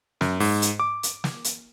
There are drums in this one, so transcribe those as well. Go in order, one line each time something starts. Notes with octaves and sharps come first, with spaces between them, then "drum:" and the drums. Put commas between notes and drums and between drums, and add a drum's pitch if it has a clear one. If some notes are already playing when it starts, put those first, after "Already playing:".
F#2, drum: snare
G#2, drum: open hi-hat
drum: hi-hat
D6
drum: hi-hat
drum: snare
drum: hi-hat